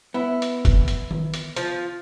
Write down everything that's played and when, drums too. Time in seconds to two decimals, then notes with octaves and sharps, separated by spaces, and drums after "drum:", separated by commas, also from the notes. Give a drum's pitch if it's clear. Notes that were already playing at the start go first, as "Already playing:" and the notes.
0.14 B3 E4
0.42 drum: hi-hat
0.65 drum: kick, hi-hat
0.88 drum: hi-hat
1.11 drum: tom D#3
1.34 drum: hi-hat
1.56 F3, drum: hi-hat